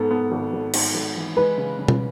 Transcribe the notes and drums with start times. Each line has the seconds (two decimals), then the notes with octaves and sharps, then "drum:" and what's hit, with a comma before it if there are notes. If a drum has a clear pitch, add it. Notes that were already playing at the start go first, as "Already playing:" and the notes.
Already playing: G#2 B3 A4
0.11 B3
0.32 G#1
0.53 G#1
0.74 G#2, drum: cymbal
0.95 G#1
1.16 E3
1.37 G#3 B4
1.58 C#3
1.79 C#3
1.88 drum: tom